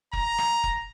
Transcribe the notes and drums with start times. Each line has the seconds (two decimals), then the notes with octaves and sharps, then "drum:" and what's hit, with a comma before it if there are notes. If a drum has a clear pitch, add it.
0.13 A#5, drum: kick F1
0.38 drum: rim click
0.64 drum: kick F1